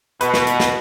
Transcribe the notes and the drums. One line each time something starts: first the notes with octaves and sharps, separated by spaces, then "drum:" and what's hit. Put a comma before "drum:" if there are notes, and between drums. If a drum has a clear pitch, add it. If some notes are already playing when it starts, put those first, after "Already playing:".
B2 B4, drum: hi-hat
drum: snare
drum: hi-hat
drum: snare